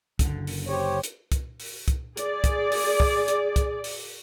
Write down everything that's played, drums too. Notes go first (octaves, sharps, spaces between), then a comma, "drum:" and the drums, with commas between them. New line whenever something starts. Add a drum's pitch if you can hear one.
F#1 D3, drum: kick, hi-hat
drum: open hi-hat
G4 C5 C#5
drum: hi-hat
drum: kick, hi-hat
drum: open hi-hat
drum: kick, hi-hat
G#4 D5, drum: hi-hat
drum: kick, hi-hat
drum: open hi-hat
drum: kick
drum: hi-hat
drum: kick, hi-hat
drum: open hi-hat